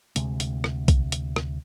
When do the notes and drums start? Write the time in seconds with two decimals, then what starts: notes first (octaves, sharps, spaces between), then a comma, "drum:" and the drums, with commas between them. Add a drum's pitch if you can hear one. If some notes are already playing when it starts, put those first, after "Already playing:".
0.16 D2 C3 G#3, drum: hi-hat
0.40 drum: hi-hat
0.64 drum: rim click
0.88 drum: kick B1, hi-hat
1.12 drum: hi-hat
1.36 drum: rim click